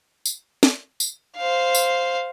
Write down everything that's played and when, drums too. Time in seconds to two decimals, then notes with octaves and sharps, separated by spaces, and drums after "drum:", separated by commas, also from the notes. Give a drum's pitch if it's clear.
0.26 drum: tambourine
0.63 drum: snare
1.00 drum: tambourine
1.37 C5 F5
1.75 drum: tambourine